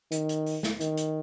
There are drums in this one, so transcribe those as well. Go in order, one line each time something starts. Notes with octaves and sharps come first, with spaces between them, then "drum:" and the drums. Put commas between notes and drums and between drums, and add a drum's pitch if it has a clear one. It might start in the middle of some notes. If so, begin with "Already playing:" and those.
D#3, drum: hi-hat
drum: hi-hat
drum: open hi-hat
drum: snare
D#3, drum: hi-hat
drum: hi-hat